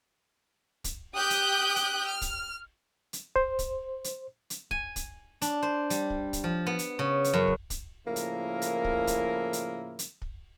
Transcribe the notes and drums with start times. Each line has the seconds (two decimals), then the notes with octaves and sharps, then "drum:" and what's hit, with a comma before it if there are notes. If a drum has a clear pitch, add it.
0.84 drum: kick, hi-hat
1.16 G4 G5 D#6 F#6 G6
1.30 drum: hi-hat
1.76 drum: hi-hat
2.06 F6
2.21 drum: kick, hi-hat
3.13 drum: hi-hat
3.36 C5, drum: kick
3.59 drum: kick, hi-hat
4.04 drum: hi-hat
4.50 drum: hi-hat
4.71 G#5, drum: kick
4.96 drum: kick, hi-hat
5.42 D4, drum: hi-hat
5.63 C5
5.90 G3, drum: hi-hat
6.10 drum: kick
6.33 drum: kick, hi-hat
6.44 F3
6.67 B3
6.79 drum: hi-hat
6.99 C#3
7.24 drum: hi-hat
7.34 F#2
7.47 drum: kick
7.70 drum: kick, hi-hat
8.06 A2 C#3 F3 A#3 E4 A#4
8.16 drum: hi-hat
8.62 drum: hi-hat
8.84 drum: kick
9.07 drum: kick, hi-hat
9.53 drum: hi-hat
9.99 drum: hi-hat
10.22 drum: kick